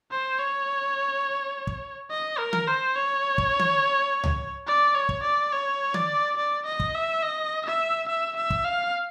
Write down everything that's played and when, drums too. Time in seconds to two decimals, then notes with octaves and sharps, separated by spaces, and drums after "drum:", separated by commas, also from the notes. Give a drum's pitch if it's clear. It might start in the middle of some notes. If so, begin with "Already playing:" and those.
0.11 C5
0.39 C#5
1.67 drum: kick
2.11 D#5
2.38 A#4
2.53 drum: tom D#3
2.67 C5
2.95 C#5
3.38 drum: kick
3.60 drum: tom D#3
4.24 drum: tom C#2
4.67 D5
4.95 C#5
5.09 drum: kick
5.23 D5
5.52 C#5
5.94 D5, drum: tom D#3
6.37 D5
6.66 D#5
6.80 drum: kick
6.94 E5
7.23 D#5
7.66 E5
8.08 E5
8.36 E5
8.51 drum: kick
8.65 F5